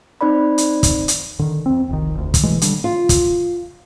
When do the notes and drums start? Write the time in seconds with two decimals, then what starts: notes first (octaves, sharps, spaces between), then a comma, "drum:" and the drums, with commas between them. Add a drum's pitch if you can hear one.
0.21 C4 D#4 C5 D5 B5
0.58 drum: hi-hat
0.83 drum: kick, hi-hat
1.08 drum: hi-hat
1.39 D3 D#3
1.66 F2 C4
1.89 F1 C2 D#3
2.14 F1 D2
2.34 drum: kick, hi-hat
2.43 B2 E3 G#3 A3
2.61 D3 G3 D4, drum: hi-hat
2.84 F4
3.09 drum: kick, hi-hat